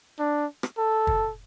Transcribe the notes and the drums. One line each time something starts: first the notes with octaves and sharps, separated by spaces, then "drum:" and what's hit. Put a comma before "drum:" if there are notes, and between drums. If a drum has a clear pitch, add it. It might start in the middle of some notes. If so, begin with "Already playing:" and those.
D4
drum: rim click
A4
drum: kick